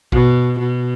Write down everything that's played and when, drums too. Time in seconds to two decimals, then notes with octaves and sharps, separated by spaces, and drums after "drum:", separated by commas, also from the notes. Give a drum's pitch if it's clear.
0.12 B2, drum: kick A#1
0.59 B2